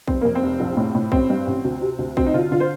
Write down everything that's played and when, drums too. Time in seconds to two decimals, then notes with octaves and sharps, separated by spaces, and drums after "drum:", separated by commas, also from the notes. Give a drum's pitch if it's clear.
0.08 F1 C4, drum: kick B1
0.21 F2 A#3
0.35 C4
0.43 F1
0.60 A#1
0.77 A2
0.95 A2
1.12 A1 C4, drum: kick B1
1.30 G2
1.47 A1
1.64 D2
1.82 C3
1.99 D2
2.17 D2 C4, drum: kick B1
2.26 D#4
2.34 D3 F4
2.51 D3 F4
2.60 C5